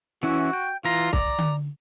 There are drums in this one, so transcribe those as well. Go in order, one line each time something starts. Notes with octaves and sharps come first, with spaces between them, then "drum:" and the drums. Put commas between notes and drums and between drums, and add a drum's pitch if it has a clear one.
E3 C#4 E4 F#4
G5
E3 F4 A#5
D5 A#5, drum: kick C2
drum: tom D3